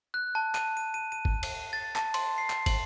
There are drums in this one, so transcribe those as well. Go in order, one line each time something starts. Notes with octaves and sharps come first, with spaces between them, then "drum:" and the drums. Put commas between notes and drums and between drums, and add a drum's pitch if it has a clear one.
F#6
A5
D#7, drum: clap
D#7
D#7
D#7
drum: kick
drum: cymbal
D#7
A6
A5, drum: clap
C6, drum: cymbal
C7
drum: clap
F#7, drum: kick, cymbal